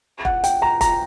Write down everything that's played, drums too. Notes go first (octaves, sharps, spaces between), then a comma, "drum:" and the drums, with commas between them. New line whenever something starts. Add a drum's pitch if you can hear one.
F#5, drum: kick
G5, drum: hi-hat
A#5
A#5, drum: kick, hi-hat